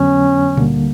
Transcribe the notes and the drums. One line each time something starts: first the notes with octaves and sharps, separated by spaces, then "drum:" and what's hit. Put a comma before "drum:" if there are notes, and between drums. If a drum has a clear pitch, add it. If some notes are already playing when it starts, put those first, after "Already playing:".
Already playing: F2 D3 F#3 B3 C#4
D2 D3 G3 A#3, drum: tom A#2